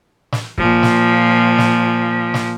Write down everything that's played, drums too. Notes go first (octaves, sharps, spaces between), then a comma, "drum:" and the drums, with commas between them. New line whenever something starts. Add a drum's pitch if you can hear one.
drum: snare
A#2 F3, drum: kick
drum: snare
drum: snare
drum: snare